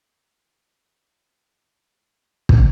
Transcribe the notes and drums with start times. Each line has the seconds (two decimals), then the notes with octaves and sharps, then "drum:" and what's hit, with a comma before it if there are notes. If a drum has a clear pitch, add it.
0.12 D#3 A#3 D#4 G#4 D5 A#5
0.48 B2 B4
2.49 drum: kick